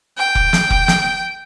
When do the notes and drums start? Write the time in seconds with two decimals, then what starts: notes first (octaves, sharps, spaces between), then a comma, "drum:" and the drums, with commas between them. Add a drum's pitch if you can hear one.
0.18 G5
0.35 drum: kick F1
0.53 drum: snare
0.70 drum: kick F1
0.88 drum: snare